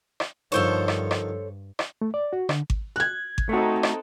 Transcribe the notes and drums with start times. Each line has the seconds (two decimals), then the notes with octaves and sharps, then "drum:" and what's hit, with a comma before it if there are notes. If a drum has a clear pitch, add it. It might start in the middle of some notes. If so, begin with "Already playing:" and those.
0.20 drum: rim click
0.52 G2 D3 D#3 F3 A4 C5 C#5
0.88 drum: rim click
1.11 drum: rim click
1.79 drum: rim click
2.02 A3
2.14 D5
2.33 F#4
2.49 D3, drum: rim click
2.70 drum: kick G#1
2.96 F#6 G#6
3.38 drum: kick G#1
3.49 A3 C4 D#4 F#4 A4
3.83 drum: rim click